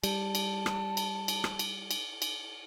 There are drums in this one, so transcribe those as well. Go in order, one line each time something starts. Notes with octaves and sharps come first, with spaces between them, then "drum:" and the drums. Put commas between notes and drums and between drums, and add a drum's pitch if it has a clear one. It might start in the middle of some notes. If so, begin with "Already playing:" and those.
G3 A5, drum: cymbal
drum: cymbal
drum: rim click
drum: cymbal
drum: cymbal
drum: rim click
drum: cymbal
drum: cymbal
drum: cymbal